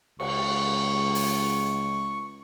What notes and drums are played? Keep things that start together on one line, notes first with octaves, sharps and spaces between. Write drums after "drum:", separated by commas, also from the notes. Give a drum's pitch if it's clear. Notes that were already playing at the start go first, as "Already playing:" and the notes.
C#2 C#6, drum: cymbal
drum: open hi-hat